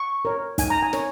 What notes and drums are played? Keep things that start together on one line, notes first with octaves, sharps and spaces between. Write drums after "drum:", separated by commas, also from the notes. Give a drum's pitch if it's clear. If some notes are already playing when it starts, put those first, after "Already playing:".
Already playing: C#6
A#4 C#5
D#4 G#5, drum: kick, hi-hat
A#5
G#5
A#4 C#5, drum: snare